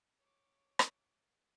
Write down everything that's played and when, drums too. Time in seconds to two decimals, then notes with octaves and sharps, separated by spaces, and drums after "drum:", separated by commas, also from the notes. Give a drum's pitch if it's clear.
0.17 C#5 D6
0.79 drum: rim click